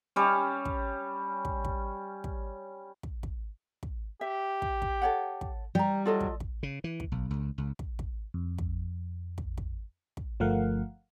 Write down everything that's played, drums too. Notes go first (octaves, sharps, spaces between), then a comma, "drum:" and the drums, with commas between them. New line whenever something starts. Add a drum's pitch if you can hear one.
G3 C#4
drum: kick
drum: kick
drum: kick
drum: kick
drum: kick
drum: kick
drum: kick
G4 E5
drum: kick
drum: kick
A4 C#5 F#5
drum: kick
G3 G4 A#5
F#3 F4 A4 D#5
drum: kick
drum: kick
C#3
E3
drum: kick
B1
C#2
C#2
drum: kick
drum: kick
F2
drum: kick
drum: kick
drum: kick
drum: kick
G1 F3 A3 A#4 F5 F#5